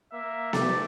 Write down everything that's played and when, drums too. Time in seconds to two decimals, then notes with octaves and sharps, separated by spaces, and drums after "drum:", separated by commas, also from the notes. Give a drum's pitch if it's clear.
0.12 A#3 E5
0.53 A3 D5, drum: snare B3